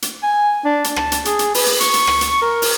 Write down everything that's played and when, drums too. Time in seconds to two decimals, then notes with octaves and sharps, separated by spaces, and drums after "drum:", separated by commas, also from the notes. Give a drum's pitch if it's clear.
0.02 drum: hi-hat
0.23 G#5
0.65 D4
0.84 drum: hi-hat
0.96 A5, drum: rim click
1.12 drum: hi-hat
1.25 G#4, drum: hi-hat
1.39 drum: hi-hat
1.54 B4, drum: open hi-hat
1.66 drum: hi-hat
1.81 C#6, drum: hi-hat
1.94 drum: hi-hat
2.07 drum: rim click
2.21 drum: hi-hat
2.42 A#4
2.62 drum: open hi-hat